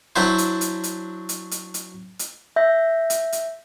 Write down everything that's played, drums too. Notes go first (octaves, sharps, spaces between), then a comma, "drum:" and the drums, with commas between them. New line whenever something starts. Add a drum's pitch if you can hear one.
F#3 D4 E4 C5
drum: hi-hat
drum: hi-hat
drum: hi-hat
drum: hi-hat
drum: hi-hat
drum: hi-hat
drum: hi-hat
E5 G6 A#6
drum: hi-hat
drum: hi-hat